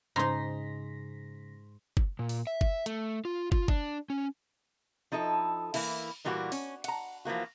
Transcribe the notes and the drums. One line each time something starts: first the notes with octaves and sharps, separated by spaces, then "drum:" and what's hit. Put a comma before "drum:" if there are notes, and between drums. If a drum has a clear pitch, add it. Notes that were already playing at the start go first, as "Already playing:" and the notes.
G#2 C#3 D#4 A#5 C6 A#6 B6
drum: kick
A#2
drum: open hi-hat
E5
drum: kick
A3, drum: hi-hat
F4
F4, drum: kick
D4, drum: kick
C#4
F3 D#4 E4 A4
E3 A#3 E4, drum: cymbal
A#2 E3 G3 A#3 F#4
C#4, drum: open hi-hat
F#5 A#5, drum: cymbal
E3 F3 A#3 F#4